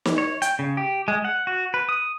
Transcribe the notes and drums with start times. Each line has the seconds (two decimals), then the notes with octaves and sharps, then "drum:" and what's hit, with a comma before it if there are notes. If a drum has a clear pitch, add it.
0.05 drum: snare
0.18 C#5
0.42 G5, drum: hi-hat
0.59 C#3
0.77 G4
1.08 G#3
1.24 F#5
1.47 F#4
1.74 B4
1.89 D#6